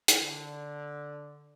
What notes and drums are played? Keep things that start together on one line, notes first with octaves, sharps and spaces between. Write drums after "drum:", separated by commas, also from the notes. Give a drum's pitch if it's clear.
drum: hi-hat
D3